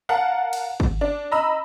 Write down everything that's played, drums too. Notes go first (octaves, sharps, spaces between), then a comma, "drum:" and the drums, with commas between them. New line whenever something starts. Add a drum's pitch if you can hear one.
A#4 F5 F#5 A5
drum: cymbal
drum: kick
D4
D#5 A#5 B5 E6